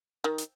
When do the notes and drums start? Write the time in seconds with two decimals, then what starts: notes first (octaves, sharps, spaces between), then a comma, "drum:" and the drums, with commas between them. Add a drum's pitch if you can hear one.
0.24 D#3
0.38 drum: hi-hat